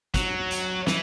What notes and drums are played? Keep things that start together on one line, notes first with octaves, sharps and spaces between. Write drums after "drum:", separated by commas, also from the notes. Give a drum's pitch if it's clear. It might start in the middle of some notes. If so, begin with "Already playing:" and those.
F#3, drum: kick, hi-hat
drum: hi-hat
E3, drum: snare